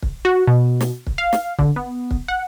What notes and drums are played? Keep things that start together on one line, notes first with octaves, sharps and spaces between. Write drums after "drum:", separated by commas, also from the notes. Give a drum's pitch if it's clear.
drum: kick
F#4
B2
drum: snare
drum: kick
F5
drum: snare
D3, drum: kick
B3
drum: kick
F#5